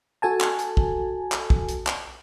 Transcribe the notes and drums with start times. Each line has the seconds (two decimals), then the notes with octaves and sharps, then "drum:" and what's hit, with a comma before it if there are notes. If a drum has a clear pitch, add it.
0.22 F#4 A4 G#5 A5
0.41 drum: clap
0.59 drum: hi-hat
0.77 drum: kick
1.32 drum: clap
1.50 drum: kick
1.68 drum: hi-hat
1.87 drum: clap